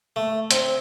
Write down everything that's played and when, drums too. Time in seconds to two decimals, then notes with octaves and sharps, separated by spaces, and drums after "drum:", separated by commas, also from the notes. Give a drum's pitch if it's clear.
0.16 A3
0.51 C4, drum: hi-hat